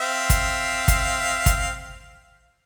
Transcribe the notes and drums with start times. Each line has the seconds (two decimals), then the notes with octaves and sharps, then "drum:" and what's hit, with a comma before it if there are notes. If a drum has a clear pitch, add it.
0.01 C4 E5 F5
0.30 drum: kick, hi-hat
0.88 drum: kick, hi-hat
1.46 drum: kick, hi-hat